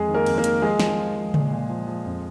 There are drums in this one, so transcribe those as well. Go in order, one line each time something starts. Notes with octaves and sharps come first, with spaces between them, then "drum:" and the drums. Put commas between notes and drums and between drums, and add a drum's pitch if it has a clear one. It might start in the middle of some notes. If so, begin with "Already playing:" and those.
Already playing: F2 G#3 G#4
D#3
A#3 A#4
F2, drum: cymbal
A#3 A#4
D#3, drum: hi-hat
F3 G#3 G#4
F3, drum: snare
F3
F3
A#2, drum: tom C#3
A#2
F3
F3
F2